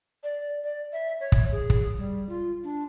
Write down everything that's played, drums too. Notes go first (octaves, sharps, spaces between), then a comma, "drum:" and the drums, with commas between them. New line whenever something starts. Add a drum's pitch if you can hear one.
D5
D5
E5
C#5
drum: kick
G#4
drum: kick
G3
F4
D4